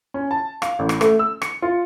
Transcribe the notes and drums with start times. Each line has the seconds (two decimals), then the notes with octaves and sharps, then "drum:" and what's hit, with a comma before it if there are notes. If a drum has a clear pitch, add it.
0.14 C#4
0.31 A5
0.62 F5, drum: rim click
0.79 A1
0.89 drum: rim click
1.01 A3, drum: rim click
1.19 E6
1.42 C#7, drum: rim click
1.62 F4